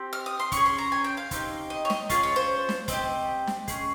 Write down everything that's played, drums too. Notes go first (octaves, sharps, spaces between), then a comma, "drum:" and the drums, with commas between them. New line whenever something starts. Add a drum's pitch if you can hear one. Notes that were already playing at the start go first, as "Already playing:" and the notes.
Already playing: C4 G4
F6
D#6
C6
C#4 C#6, drum: kick, hi-hat
G#4
C6
A#5
G#5
G5
F5
C4 D#4 G4, drum: kick, hi-hat
D#5
C#5
D#5, drum: snare
C#4 F4 G#4 F5, drum: kick, hi-hat
C#5
C5
drum: snare
C4 G4 D#5, drum: kick, hi-hat
drum: snare
C#4 G#4, drum: kick, hi-hat